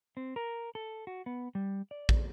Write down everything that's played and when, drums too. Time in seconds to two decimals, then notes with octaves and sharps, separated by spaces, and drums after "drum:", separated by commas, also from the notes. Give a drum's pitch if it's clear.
0.17 C4
0.36 A#4
0.75 A4
1.07 F#4
1.26 B3
1.55 G3
1.91 D5
2.09 drum: kick